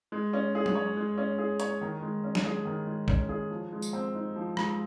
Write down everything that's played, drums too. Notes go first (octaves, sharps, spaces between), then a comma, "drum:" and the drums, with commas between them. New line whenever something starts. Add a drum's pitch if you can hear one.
G#3
C#4
G#4
drum: tom F#3
C#5
G#3
C#4
G#4
C#5, drum: hi-hat
D#3
G#3
C#4
drum: snare
G#4
D#3
G#3
C#4, drum: kick
G#4
F3
G#3
drum: tambourine
C4
D#4
F3
G#3, drum: rim click